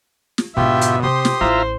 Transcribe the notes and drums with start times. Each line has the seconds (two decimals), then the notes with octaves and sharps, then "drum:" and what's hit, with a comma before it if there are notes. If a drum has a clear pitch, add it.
0.38 drum: snare
0.57 G#2 B2 D3 F4 G4 E5 G5
0.81 drum: hi-hat
1.03 C3 G4 C5 C6 D#6
1.25 drum: snare
1.41 A1 E4 F4 C5 E5 A#5